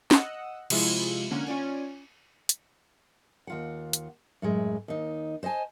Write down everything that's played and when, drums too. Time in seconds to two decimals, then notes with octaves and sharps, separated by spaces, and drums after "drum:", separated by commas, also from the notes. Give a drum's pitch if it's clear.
0.11 D#5 F#5 D#6 E6, drum: snare
0.70 C3 F3 G#3 E4 F4, drum: cymbal
1.31 D3 A#3 C#4 F#5 G#5
1.47 C#4 F4 D5 G#5
2.49 drum: hi-hat
3.47 D#2 F4 F#5
3.93 drum: hi-hat
4.42 F#2 A2 G#3
4.88 D#2 D#4
5.43 C5 D#5 E5 G#5 A5